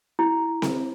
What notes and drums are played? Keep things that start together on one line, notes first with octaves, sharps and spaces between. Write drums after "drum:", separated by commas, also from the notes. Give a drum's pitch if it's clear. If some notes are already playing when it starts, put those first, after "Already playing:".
E4
drum: snare C4